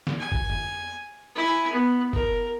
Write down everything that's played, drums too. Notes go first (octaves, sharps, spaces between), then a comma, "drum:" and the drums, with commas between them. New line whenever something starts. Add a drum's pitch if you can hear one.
drum: snare
G#5
drum: kick
drum: tom F2
E4 G#5
B3
A#4, drum: kick